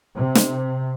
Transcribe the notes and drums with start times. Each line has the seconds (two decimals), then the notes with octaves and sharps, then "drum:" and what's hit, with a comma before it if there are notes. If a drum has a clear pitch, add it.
0.15 C3
0.35 drum: snare